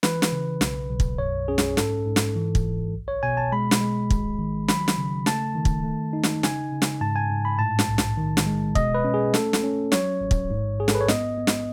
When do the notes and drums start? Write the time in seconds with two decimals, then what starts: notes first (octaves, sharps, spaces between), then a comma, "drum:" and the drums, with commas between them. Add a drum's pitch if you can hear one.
0.03 E3 B4, drum: snare
0.22 drum: snare
0.32 C#3
0.61 B1, drum: snare
0.90 B1
1.00 drum: kick
1.18 F#2 C#5
1.48 C#4 G#4
1.58 drum: snare
1.77 G#2 A4, drum: snare
2.06 G#2
2.16 drum: snare
2.35 E3
2.55 drum: kick
2.64 G#1
2.93 B1
3.08 C#5
3.23 B2 G#5
3.37 A5
3.52 G#3 B5
3.71 drum: snare
3.80 G#3
4.10 G#1, drum: kick
4.39 D#3
4.68 F#3 B5, drum: snare
4.88 drum: snare
4.98 C#3
5.26 A3 A5, drum: snare
5.55 D#3
5.65 drum: kick
5.84 A3
6.13 D#4
6.23 drum: snare
6.43 C#3 G#5, drum: snare
6.72 C#3
6.82 drum: snare
7.01 G#2 A5
7.16 G#5
7.30 G#2
7.45 B5
7.59 A2 A5
7.79 drum: snare
7.89 B1
7.98 drum: snare
8.17 D#3
8.37 drum: snare
8.46 G#3
8.75 B2 D#5, drum: kick
8.95 B4
9.04 C#4
9.14 G#4
9.34 A3 A4, drum: snare
9.53 drum: snare
9.63 C#4
9.92 F#3 C#5, drum: snare
10.21 A1
10.31 drum: kick
10.50 G#2
10.80 G#2 G#4
10.88 A4, drum: snare
10.95 B4
11.01 C#5
11.08 B3 D#5, drum: snare
11.38 B3
11.47 drum: snare